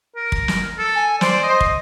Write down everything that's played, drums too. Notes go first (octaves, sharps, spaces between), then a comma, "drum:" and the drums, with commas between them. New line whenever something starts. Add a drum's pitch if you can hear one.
A#4
drum: kick
drum: snare
A4
G#5
C5 D5, drum: snare
D#5
drum: kick